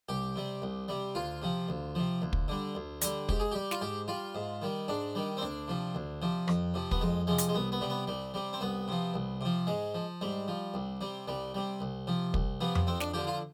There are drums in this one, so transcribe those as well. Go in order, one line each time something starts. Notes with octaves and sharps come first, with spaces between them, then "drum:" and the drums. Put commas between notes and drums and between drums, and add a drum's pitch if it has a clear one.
C2 G4
C3 G3
C2
C3 G3
D2 F4
C3 F3
D2
C3 F3
D2
drum: kick
D3 G3
D2
D3 G3, drum: hi-hat
G#2 G4, drum: kick
G#4
G3 G4
F4, drum: snare
G#2 G4
G3 F4
G#2
D#3 G3
G#2 D4
D#3 G3
C4
D2 D4
C3 F3
D2
C3 F3
F2, drum: rim click
C3 F3
B3, drum: kick
F2 G#3
C3 F3 G#3
drum: hi-hat
G#3
C2 B3
B3
C3 G3
B3
C2 G3
C3 G3
C4
C2 B3
C3 F3
C2
C3 F3
G#2 G#3
F3
G#2 G3
F3
C2
C3 G3
C2 G3
C3 G3
C2
C3 F3
C2, drum: kick
C3 F3 B3
drum: tom F2
F2 C4
D4, drum: snare
D3 F3 G4
F4